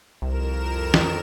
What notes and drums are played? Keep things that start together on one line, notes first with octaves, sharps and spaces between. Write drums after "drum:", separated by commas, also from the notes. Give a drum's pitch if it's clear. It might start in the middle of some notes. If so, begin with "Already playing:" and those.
C2 F2 A#4 E7
drum: snare